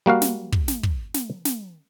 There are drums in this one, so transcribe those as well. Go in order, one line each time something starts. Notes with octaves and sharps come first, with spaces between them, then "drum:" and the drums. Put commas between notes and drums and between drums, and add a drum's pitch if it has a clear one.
G3 A#3 F#4 F5
drum: snare
drum: kick
drum: snare
drum: kick
drum: snare
drum: snare